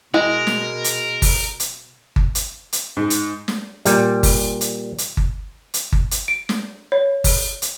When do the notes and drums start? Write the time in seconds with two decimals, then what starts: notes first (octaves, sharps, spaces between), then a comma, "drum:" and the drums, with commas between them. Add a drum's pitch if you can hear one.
0.14 B2 G#3 E4 A#4
0.47 drum: snare
0.84 drum: hi-hat
1.22 drum: kick G1, open hi-hat
1.60 drum: hi-hat
2.16 drum: kick G1
2.35 drum: hi-hat
2.73 drum: hi-hat
2.97 G#2
3.10 drum: hi-hat
3.48 drum: snare
3.85 A#2 G3, drum: hi-hat
4.23 drum: kick G1, open hi-hat
4.61 drum: hi-hat
4.98 drum: hi-hat
5.17 drum: kick G1
5.74 drum: hi-hat
5.92 drum: kick G1
6.11 drum: hi-hat
6.28 D7
6.49 drum: snare
6.92 C#5
7.24 drum: kick G1, open hi-hat
7.62 drum: hi-hat